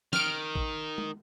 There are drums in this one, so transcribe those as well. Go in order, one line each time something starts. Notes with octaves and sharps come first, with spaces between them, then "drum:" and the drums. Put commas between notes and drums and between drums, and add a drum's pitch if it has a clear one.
D#3 F6 D7, drum: snare
drum: kick
drum: tom G#3